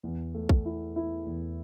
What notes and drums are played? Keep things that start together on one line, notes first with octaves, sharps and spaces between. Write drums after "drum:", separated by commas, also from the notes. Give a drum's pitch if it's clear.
E2
A3
drum: kick
E4
E4
E2